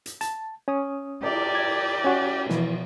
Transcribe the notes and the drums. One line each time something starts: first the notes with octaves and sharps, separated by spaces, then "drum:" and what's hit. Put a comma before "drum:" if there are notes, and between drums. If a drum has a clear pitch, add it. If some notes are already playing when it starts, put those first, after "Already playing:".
drum: hi-hat
A5, drum: hi-hat
C#4 D#6
G4 D5, drum: cymbal
G#6
C#4 F#4
B2 E3 F3, drum: snare